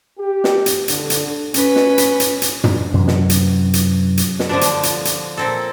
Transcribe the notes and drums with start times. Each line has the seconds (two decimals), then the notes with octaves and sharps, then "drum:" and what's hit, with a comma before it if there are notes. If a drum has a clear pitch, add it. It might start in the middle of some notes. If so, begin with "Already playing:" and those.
0.19 G4
0.44 drum: snare
0.66 drum: hi-hat
0.88 D3, drum: hi-hat
1.10 drum: hi-hat
1.54 C#4 B4, drum: hi-hat
1.76 drum: snare
1.98 drum: hi-hat
2.20 drum: hi-hat
2.42 drum: hi-hat
2.64 drum: tom
2.94 F#2 C3 E3
3.08 drum: snare
3.30 drum: hi-hat
3.73 drum: hi-hat
4.17 drum: hi-hat
4.39 drum: snare
4.49 D3 F3 D4
4.61 drum: hi-hat
4.83 drum: hi-hat
5.05 drum: hi-hat
5.37 A#2 C4 A4